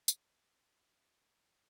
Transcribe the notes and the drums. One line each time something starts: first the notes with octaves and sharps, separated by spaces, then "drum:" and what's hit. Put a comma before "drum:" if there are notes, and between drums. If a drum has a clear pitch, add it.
A#3 F#5, drum: tambourine
D#4 A5
D3 C5
G3
A#4
A#3 A4
A#4
D3
D3
F#3
A#3
A4
D3 G4